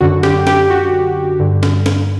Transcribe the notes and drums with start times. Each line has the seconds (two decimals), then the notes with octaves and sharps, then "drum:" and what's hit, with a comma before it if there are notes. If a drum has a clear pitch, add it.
0.01 F#2 D3 F#4
0.23 G4, drum: snare
0.47 G4, drum: snare
0.70 F#4
1.39 G2 D3
1.63 drum: snare
1.86 drum: snare